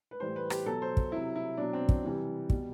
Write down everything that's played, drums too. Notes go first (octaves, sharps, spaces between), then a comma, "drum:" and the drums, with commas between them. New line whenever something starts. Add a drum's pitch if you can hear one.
B4
A2 E3 G3 C5
B4
G4, drum: rim click
B2 F#3 A4
C5
drum: kick
C3 F#3 E4
E4
B2 F#3 D4
C4
drum: kick
C3 E3 G3
B2 G3, drum: kick